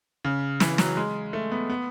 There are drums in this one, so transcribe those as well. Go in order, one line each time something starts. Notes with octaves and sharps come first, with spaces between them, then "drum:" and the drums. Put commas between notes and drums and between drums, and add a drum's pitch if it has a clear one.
C#3
E3, drum: snare
F#3, drum: snare
G#3
A3
B3
B3